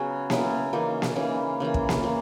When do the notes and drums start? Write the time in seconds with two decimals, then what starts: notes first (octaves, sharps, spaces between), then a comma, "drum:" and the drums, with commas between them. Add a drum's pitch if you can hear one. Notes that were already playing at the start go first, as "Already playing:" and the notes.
Already playing: C#3 F#3 B3 F#4 G#4
0.30 C#3 F#3 B3 E4, drum: snare A#3
0.73 C#3 E3 A#3 D#4
1.02 drum: snare A#3
1.16 C#3 E3 A#3 D#4
1.60 C#3 E3 A#3
1.74 drum: kick
1.89 drum: snare A#3
2.03 C#3 E3 A#3